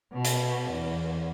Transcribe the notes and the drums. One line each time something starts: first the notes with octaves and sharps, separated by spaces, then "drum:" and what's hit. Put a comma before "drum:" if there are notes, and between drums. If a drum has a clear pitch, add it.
B2
drum: hi-hat
E2